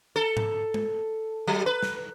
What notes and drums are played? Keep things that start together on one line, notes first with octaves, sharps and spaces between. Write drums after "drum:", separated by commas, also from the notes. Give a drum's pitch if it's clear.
A4
drum: tom G#2
drum: tom G#3
F#3
B4
drum: snare